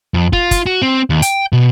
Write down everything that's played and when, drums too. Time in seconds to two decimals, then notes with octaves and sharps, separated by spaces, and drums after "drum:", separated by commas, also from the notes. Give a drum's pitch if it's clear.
0.14 F2
0.33 F4, drum: kick
0.51 drum: kick, hi-hat
0.66 F#4
0.82 C4
1.10 D#2
1.22 G5, drum: hi-hat
1.53 B2